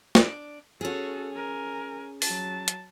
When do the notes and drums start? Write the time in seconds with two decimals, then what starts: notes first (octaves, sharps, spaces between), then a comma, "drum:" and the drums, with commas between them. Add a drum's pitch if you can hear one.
0.15 D4 D5, drum: snare
0.81 C#4 F#4 G#4 A4
1.33 A#4 G#5
2.22 F#3 A5, drum: open hi-hat
2.68 drum: hi-hat